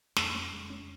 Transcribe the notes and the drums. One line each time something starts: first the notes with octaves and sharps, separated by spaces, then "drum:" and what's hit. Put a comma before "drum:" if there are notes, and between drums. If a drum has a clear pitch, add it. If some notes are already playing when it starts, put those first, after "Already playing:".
F2 C#3 A#3, drum: snare
C#4
G#3
C#4